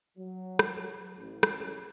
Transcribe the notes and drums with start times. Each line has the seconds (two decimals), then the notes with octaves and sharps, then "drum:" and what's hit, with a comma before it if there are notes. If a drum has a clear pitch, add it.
0.17 F#3
0.59 drum: rim click
1.18 A1
1.43 drum: rim click